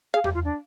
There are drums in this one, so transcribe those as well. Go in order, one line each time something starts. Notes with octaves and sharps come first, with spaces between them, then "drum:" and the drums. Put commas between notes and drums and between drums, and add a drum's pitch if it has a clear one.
G#4 F5
G4, drum: tom E2
F4
D4